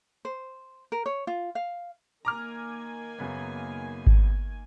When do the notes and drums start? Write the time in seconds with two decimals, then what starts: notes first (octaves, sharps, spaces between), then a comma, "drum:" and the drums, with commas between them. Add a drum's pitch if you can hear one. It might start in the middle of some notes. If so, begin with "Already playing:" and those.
0.25 C5
0.92 A#4
1.06 C#5
1.27 F4
1.55 F5
2.25 D#3 A#3 G#5 A#5 D6 F6
3.19 F#2 C#3 B3
4.07 drum: kick G#1